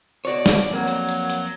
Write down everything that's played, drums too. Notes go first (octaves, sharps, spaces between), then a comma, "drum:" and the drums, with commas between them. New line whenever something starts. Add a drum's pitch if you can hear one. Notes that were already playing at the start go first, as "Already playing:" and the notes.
B2 F#4 C#5 D5
drum: snare
F2 F#3 A#3
drum: hi-hat
drum: hi-hat
drum: hi-hat